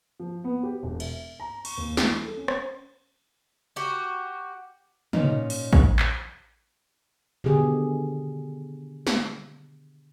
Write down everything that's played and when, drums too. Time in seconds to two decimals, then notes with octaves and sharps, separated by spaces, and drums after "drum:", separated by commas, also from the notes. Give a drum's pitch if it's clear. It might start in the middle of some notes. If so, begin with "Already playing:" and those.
0.20 F3
0.44 B3
0.63 G4
0.83 E1
1.00 E5, drum: cymbal
1.40 A#5
1.65 C#6, drum: cymbal
1.77 D#2
1.97 E3, drum: snare
2.24 A4
2.37 C#4
2.48 drum: rim click
3.76 F#4 G4
5.13 A#2 C#4 D#4, drum: tom
5.50 drum: open hi-hat
5.73 drum: kick A1
5.99 drum: clap
7.44 B2 D3 D#3 G4 G#4
9.07 drum: snare